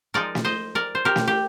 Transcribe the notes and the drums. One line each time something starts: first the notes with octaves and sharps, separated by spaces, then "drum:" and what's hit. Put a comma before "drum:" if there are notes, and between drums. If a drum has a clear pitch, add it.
F3 G#3 D#4 A#4 D5
drum: snare
C5 D#5
A#4 D5
C5
G4 A#4
drum: snare
G4